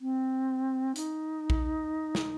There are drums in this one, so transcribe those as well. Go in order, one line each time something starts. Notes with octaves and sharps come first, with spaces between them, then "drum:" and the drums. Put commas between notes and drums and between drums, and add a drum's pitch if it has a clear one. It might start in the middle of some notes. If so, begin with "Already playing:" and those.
C4
D#4, drum: hi-hat
drum: kick A#1
drum: snare